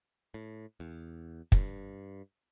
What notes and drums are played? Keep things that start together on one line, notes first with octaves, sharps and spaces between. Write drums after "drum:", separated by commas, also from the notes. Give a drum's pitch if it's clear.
A2
E2
G2, drum: kick